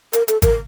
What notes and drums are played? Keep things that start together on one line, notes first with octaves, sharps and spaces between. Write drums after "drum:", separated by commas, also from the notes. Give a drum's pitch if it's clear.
A#4, drum: hi-hat
A4, drum: hi-hat
A#4, drum: kick G#1, hi-hat